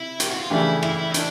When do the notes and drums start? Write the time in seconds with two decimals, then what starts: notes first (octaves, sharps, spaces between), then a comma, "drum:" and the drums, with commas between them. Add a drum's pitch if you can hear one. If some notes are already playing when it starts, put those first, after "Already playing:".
Already playing: C3 E4
0.20 G4, drum: hi-hat
0.30 F#4
0.40 F4
0.50 C#3 E3 A3 D4 E4 G4
0.83 E4, drum: rim click
0.98 E4
1.11 D#4
1.14 D4, drum: hi-hat